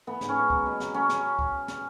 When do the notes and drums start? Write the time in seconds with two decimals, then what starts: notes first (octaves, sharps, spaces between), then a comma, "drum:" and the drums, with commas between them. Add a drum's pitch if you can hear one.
0.07 E3 B3
0.21 G#2, drum: snare
0.29 C#4
0.36 E3
0.50 F#3, drum: kick C#2
0.66 B2
0.80 F#3, drum: snare
0.94 F#3 C#4
1.09 drum: snare
1.39 drum: kick C#2
1.68 drum: snare